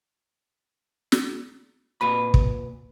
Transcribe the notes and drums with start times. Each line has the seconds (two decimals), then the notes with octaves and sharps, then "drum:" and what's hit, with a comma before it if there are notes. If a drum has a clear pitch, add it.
1.12 drum: snare
2.01 A#2 B4 B5
2.34 drum: kick